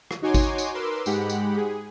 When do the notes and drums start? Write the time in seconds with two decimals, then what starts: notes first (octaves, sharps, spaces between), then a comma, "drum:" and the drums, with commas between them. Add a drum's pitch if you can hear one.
0.11 drum: rim click
0.22 D#4 F#4 C#5 G#5 C6 D6
0.34 drum: kick G#1, tambourine
0.58 drum: tambourine
0.75 A#4 B4 C6 D6 E6
1.06 G#2 G#3 G4 F#5 B5, drum: tambourine
1.30 drum: tambourine
1.57 G#4